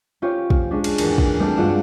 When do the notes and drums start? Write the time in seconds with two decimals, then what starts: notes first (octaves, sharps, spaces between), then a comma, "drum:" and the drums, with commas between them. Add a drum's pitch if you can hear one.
0.22 C#4 F4 G4 C5 C#5
0.50 F6, drum: kick
0.71 G#3 C#4 D4
0.84 drum: cymbal
0.98 G#1 E2, drum: cymbal
1.18 drum: kick
1.39 G3 A3 B3 C4 D4
1.57 G2 G#3 F4 F#4 D5 E7